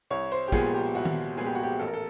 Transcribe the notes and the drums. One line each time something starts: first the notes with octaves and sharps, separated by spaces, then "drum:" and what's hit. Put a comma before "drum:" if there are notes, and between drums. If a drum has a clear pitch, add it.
C2 C#5
C5
G4
A#2 F3 G#3 B3 G#4, drum: kick
G4
C2 F#4
drum: tom D#3
A#2 F3 G#3 B3 G#4
G4
F#4
G4
A1 A4
A#4
A4